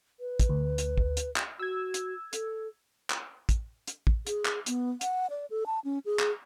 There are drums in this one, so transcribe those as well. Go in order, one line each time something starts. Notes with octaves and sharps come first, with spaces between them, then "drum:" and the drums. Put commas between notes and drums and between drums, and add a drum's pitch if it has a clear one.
B4
drum: kick, hi-hat
D2
drum: hi-hat
drum: kick
drum: hi-hat
drum: clap
F#4 E6 G#6
drum: hi-hat
A4, drum: hi-hat
drum: clap
drum: kick, hi-hat
drum: hi-hat
drum: kick
G#4, drum: hi-hat
drum: clap
B3, drum: hi-hat
F#5, drum: hi-hat
D5
A4
A5
C#4
G#4
drum: clap